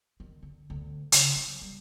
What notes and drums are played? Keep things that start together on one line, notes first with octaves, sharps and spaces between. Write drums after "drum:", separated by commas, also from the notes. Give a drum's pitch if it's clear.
D#3
D3
D2
C#3, drum: hi-hat
F#3
G3